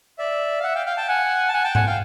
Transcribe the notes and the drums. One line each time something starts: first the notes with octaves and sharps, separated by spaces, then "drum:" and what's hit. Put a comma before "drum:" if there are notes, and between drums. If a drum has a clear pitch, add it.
D5 E5
F5
E5 F#5
F5 G5
F5 G5
G5 A5
F#5 G#5
A5
F#5 G#5
G5 A5
F#5 G#5, drum: tom G#2
F5 G5